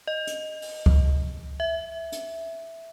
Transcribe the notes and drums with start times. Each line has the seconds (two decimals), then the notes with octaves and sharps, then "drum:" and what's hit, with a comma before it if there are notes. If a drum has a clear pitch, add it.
0.07 D#5
0.27 drum: hi-hat
0.62 drum: open hi-hat
0.86 drum: kick C#2
1.60 E5
2.12 drum: hi-hat